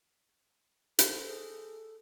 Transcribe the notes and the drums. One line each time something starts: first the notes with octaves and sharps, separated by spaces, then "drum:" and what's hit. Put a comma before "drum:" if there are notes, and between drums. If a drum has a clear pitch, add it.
A4 C5, drum: hi-hat
G#4